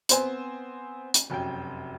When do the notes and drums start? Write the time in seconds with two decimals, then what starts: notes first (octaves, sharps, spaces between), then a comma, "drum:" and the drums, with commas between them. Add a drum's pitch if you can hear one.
0.09 B3 C4 C5 G#5, drum: hi-hat
1.14 drum: hi-hat
1.30 F1 F#2 C#4 G5